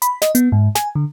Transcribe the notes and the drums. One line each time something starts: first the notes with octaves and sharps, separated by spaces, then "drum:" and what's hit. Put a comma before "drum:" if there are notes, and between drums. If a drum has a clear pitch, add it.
B5, drum: hi-hat
D#5, drum: snare
B3, drum: hi-hat
G#2
G#5, drum: snare
D3